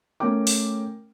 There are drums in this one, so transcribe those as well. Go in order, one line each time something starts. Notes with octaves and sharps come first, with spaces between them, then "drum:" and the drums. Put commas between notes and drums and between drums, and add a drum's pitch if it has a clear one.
A3 C#4 A#4 G5 D6
drum: open hi-hat